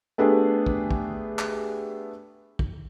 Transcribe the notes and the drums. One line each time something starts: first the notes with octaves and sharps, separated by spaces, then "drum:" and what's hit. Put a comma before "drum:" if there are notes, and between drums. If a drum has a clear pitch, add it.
A3 B3 D4 G4 G#4
drum: kick
drum: kick
drum: clap
drum: kick